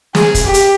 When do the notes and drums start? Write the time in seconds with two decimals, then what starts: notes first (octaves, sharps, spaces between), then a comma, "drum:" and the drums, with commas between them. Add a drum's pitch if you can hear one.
0.15 G#4, drum: snare
0.35 drum: kick, hi-hat
0.44 G4
0.54 drum: hi-hat